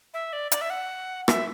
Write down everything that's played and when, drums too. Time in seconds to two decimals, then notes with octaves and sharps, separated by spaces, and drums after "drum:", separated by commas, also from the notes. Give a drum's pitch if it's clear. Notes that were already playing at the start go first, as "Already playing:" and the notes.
0.14 E5
0.33 D5
0.52 D5, drum: hi-hat
0.61 E5
0.70 F#5
1.28 E5, drum: rim click